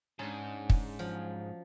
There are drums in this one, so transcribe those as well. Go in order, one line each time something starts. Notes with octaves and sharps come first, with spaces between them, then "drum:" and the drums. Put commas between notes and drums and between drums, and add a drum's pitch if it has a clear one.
G#2 C#4 D4
drum: kick
F3 F#3